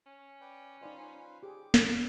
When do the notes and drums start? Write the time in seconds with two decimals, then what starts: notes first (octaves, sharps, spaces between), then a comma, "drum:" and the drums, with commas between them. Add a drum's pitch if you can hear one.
0.07 C#4
0.41 B4 D5 G5
0.81 D#4 F4 B4 C5 D5 D#5
1.43 G4 G#4 D6
1.74 drum: snare